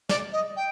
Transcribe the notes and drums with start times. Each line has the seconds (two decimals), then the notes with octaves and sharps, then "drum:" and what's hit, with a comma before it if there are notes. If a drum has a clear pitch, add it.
0.09 D5, drum: snare
0.33 D#5
0.57 G5